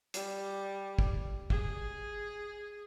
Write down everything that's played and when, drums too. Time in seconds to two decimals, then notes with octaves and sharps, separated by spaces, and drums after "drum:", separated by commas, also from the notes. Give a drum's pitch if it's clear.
0.14 G3, drum: hi-hat
0.99 drum: kick
1.50 G#4, drum: kick